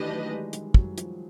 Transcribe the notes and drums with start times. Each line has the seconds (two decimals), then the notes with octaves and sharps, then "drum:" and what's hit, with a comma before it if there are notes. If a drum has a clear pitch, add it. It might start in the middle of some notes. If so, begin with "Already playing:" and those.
Already playing: D#3 E3 A3 D4 G4 B4 D#5
0.08 F#3
0.31 G#3
0.53 G3, drum: hi-hat
0.74 F#3, drum: kick
0.98 F3, drum: hi-hat